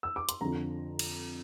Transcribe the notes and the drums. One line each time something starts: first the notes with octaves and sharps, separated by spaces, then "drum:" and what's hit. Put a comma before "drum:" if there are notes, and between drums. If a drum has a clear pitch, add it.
E6
D6
C6, drum: hi-hat
F2 D3 F3 A#5
drum: cymbal